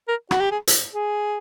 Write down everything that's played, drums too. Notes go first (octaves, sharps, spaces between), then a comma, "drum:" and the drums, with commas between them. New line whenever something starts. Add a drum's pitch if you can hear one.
A#4
F#4, drum: rim click
G4
G#4
drum: hi-hat
G#4